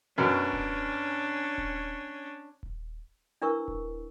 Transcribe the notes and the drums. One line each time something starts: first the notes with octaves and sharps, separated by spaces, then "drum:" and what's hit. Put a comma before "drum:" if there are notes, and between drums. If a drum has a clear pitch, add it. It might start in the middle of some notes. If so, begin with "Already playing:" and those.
F#2 B2 C#4 D4
drum: kick D#1
drum: kick D#1
drum: kick D#1
D4 E4 A#4 B4 C#6 E6
drum: kick D#1